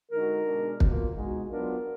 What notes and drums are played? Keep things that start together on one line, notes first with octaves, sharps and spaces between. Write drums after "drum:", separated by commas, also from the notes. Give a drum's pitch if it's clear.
D3 G#3 D#4 F#4 A#4
B2 G#3 D4
B2 A#3 F4, drum: kick
B2 G#3 D#4 F#4
F#3 B3 D4 F4 A#4